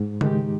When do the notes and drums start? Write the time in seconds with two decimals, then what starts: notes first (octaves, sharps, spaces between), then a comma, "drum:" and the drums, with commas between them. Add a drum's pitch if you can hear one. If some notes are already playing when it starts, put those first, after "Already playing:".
Already playing: G#2
0.21 D#3 G#3 D#4 G4, drum: tom C#3